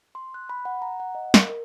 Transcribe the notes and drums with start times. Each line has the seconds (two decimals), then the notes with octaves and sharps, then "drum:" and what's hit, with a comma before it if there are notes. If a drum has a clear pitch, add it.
0.15 C6
0.34 F#6
0.49 B5
0.65 F#5
0.82 A#5
1.00 F#5
1.15 D#5
1.34 A#4, drum: snare
1.49 A#4